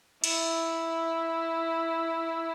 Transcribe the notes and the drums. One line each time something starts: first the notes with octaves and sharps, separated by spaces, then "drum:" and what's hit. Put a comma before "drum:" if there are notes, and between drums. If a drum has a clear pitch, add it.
E4, drum: cymbal